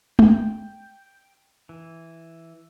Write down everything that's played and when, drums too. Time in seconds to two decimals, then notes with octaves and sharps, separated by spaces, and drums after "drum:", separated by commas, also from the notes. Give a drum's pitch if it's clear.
0.19 G5, drum: tom
1.69 E3